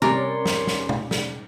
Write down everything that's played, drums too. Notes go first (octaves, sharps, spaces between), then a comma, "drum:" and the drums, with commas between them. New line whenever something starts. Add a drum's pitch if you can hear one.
C3 G3 C#4 A#4 C#5 D5 C6
drum: snare
drum: snare
drum: tom B2
drum: snare